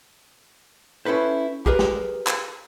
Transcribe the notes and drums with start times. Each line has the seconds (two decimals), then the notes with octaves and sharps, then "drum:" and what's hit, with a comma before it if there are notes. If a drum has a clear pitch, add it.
1.05 C#4 E4 A4 B4 C5
1.66 G4 G#4 A#4 B4 D#5, drum: kick
1.79 drum: snare
2.27 drum: clap